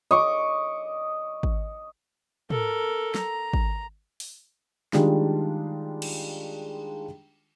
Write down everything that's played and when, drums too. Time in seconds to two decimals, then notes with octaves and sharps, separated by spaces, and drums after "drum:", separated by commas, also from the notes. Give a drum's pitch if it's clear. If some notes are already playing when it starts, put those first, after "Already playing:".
0.11 D#5 C#6 D6
1.43 drum: kick G#1
2.50 A4 A#4, drum: tom
3.15 A#5, drum: snare
3.53 drum: kick G#1
4.20 drum: open hi-hat
4.93 D#3 G3 G#3 D4 F4, drum: snare
6.02 drum: cymbal